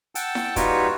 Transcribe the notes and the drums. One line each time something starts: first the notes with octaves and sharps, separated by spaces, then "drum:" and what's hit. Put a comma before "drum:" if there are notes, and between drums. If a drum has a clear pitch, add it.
F#5 G5 A5 E6, drum: hi-hat
drum: snare E4
G3 D#4 F4 F#4 B4 C#5, drum: kick, hi-hat